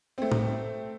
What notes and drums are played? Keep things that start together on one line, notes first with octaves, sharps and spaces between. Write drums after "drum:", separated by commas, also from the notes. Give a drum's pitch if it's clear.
A3 C4
drum: tom A2